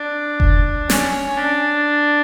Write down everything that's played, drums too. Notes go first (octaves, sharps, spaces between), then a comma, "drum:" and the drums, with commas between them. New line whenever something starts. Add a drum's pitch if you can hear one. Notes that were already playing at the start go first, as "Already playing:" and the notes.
Already playing: D4
drum: kick F1
C#4, drum: snare
D4